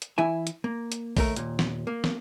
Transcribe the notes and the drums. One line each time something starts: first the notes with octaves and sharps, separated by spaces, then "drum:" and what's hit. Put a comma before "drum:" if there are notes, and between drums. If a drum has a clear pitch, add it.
drum: hi-hat
E3 E4 E5 G#5
drum: hi-hat
A#3
drum: hi-hat
D#2 A3 A#4, drum: kick A#1, open hi-hat
D#2 A#2, drum: hi-hat
drum: snare
A#3
drum: snare